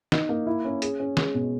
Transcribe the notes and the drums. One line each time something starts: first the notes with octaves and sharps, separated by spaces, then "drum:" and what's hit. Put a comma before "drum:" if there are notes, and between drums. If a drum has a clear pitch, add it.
D#4, drum: snare
A#3
E4
C#4
G#4, drum: hi-hat
C#4
G#3, drum: snare
B2